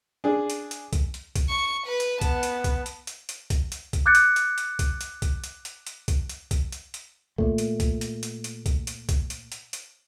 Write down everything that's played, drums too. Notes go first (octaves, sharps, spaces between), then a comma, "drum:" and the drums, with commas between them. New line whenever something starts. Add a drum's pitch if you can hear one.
D4 G#4
drum: hi-hat
drum: hi-hat
drum: kick C2, hi-hat
drum: hi-hat
drum: kick C2, hi-hat
C#6
B4
drum: hi-hat
B3 A5, drum: kick C2, hi-hat
drum: hi-hat
drum: kick C2, hi-hat
drum: hi-hat
drum: hi-hat
drum: hi-hat
drum: kick C2, hi-hat
drum: hi-hat
drum: kick C2, hi-hat
D6 F#6 G6 A6 C#7
drum: hi-hat
drum: hi-hat
drum: hi-hat
drum: kick C2, hi-hat
drum: hi-hat
drum: kick C2, hi-hat
drum: hi-hat
drum: hi-hat
drum: hi-hat
drum: kick C2, hi-hat
drum: hi-hat
drum: kick C2, hi-hat
drum: hi-hat
drum: hi-hat
A#2 A3, drum: kick C2
drum: hi-hat
drum: kick C2, hi-hat
drum: hi-hat
drum: hi-hat
drum: hi-hat
drum: kick C2, hi-hat
drum: hi-hat
drum: kick C2, hi-hat
drum: hi-hat
drum: hi-hat
drum: hi-hat